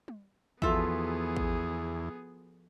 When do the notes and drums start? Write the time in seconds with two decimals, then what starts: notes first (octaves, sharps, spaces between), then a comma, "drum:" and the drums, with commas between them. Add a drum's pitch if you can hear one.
0.08 drum: tom G3
0.62 E2 F3 B3 F4 F#4 G#4 A4 E5, drum: kick A1
1.36 drum: kick A1